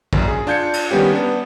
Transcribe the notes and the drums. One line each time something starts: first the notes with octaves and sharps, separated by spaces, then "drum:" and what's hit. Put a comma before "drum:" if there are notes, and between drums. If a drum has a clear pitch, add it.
A#1 F#2, drum: kick
G#4
D4 F4 G6 G#6 C#7
drum: cymbal
D#3 G3 B3 C#4 G4
B3 D4